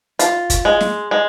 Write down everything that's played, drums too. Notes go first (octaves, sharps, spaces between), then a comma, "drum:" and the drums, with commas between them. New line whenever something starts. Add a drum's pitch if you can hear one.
F4, drum: hi-hat
drum: kick, hi-hat
G#3
drum: snare
G#3